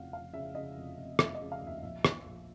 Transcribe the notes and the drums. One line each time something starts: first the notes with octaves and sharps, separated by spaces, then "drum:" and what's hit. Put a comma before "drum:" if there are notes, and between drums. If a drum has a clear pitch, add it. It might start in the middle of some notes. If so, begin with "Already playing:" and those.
Already playing: F1 C#3 E3 F5 F#5
F1 F5
C#3 E5
C#3 D#5
F1
F1
F1 E5, drum: rim click
D#5
C#3
F5
D#2
E5
A#1 E5
A#1, drum: rim click
A#1